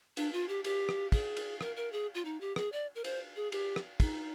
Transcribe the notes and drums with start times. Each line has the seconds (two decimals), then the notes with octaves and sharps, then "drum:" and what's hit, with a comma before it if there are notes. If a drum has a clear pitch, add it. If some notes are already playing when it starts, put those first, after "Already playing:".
0.17 D4, drum: cymbal
0.33 F4
0.48 G4
0.64 G4, drum: cymbal
0.89 drum: rim click
1.12 G#4, drum: kick, cymbal
1.37 drum: cymbal
1.61 A#4, drum: rim click
1.76 A#4
1.92 G#4
2.14 F4
2.25 D#4
2.41 G4
2.56 G#4, drum: rim click
2.72 D5
2.95 A#4
3.04 C5, drum: cymbal
3.36 G#4
3.52 G4, drum: cymbal
3.76 drum: rim click
4.00 D#4, drum: kick, cymbal